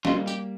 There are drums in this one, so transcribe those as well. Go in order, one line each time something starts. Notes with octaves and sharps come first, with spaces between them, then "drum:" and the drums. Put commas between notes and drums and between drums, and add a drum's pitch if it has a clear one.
G3 A#3 F4, drum: snare
G4, drum: tambourine